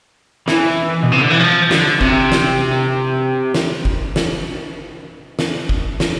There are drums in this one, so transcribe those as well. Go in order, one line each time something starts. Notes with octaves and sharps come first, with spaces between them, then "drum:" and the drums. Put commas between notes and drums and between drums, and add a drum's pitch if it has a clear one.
E3, drum: snare
B2
C3
D3
E3
F3
D3, drum: snare
C3, drum: kick
drum: snare
drum: snare
drum: kick
drum: snare
drum: snare
drum: kick
drum: snare